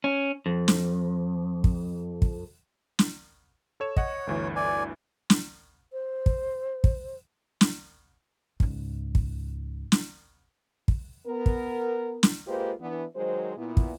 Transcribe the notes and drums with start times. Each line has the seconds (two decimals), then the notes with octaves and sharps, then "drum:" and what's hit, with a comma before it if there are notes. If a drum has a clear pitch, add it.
0.04 C#4
0.46 F2
0.68 drum: snare
1.64 drum: kick
2.22 drum: kick
2.99 drum: snare
3.80 A4 C#5 E7
3.97 C#5 D#5 F#5, drum: kick
4.27 G1 D2 E3
4.56 D5 G#5
5.30 drum: snare
5.93 C5
6.26 drum: kick
6.84 drum: kick
7.61 drum: snare
8.60 C#2 G#2, drum: kick
9.15 drum: kick
9.92 drum: snare
10.88 drum: kick
11.27 B3 A#4
11.46 drum: kick
12.23 drum: snare
12.47 G#3 A#3 F4 G4 B4 C5
12.81 E3 B3 D4
13.15 D#3 F#3 G#3 C5
13.58 A#2 B3 E4
13.77 drum: kick